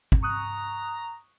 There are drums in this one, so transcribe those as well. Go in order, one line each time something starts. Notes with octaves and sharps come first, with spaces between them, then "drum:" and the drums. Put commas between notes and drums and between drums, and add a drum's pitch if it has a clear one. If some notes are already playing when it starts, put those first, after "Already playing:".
drum: kick
A#5 C#6 D#6 F#6